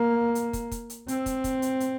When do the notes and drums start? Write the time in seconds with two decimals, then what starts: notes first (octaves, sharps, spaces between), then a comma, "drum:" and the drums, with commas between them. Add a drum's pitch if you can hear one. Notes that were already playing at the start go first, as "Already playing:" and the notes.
Already playing: A#3
0.35 drum: hi-hat
0.53 drum: kick, hi-hat
0.71 drum: kick, hi-hat
0.90 drum: hi-hat
1.08 C4, drum: hi-hat
1.26 drum: kick, hi-hat
1.44 drum: kick, hi-hat
1.62 drum: hi-hat
1.80 drum: hi-hat